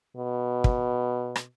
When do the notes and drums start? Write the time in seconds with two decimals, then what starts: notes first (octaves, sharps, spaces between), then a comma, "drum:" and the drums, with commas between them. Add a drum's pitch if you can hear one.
0.17 B2
0.64 drum: kick
1.36 drum: rim click